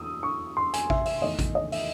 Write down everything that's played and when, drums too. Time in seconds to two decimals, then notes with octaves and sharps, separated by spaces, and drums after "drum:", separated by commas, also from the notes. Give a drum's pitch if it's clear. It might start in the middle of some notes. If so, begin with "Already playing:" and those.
Already playing: E2 D#6 E6
0.23 C#6
0.57 C6
0.74 G#5, drum: hi-hat
0.90 E5, drum: kick A1
1.06 E5, drum: open hi-hat
1.22 E2 D#3 A3 D#5
1.39 drum: kick A1, hi-hat
1.55 D#5
1.72 E5, drum: open hi-hat